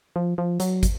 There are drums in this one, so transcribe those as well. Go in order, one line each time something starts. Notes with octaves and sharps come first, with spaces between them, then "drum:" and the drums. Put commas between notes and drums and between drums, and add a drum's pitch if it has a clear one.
F3
F3
F#3, drum: hi-hat
drum: kick, hi-hat